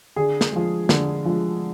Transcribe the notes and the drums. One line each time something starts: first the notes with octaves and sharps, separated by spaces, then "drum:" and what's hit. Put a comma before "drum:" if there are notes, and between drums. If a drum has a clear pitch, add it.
D3 G#4
drum: snare
F3 G#3
D3, drum: snare
F3 G#3